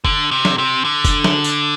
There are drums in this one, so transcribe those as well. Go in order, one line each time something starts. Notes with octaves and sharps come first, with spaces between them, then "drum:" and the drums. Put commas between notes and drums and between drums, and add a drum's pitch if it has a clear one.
D3, drum: kick F1
C3
drum: snare F#3
C3
D3
drum: kick F1, tambourine
drum: snare F#3
drum: tambourine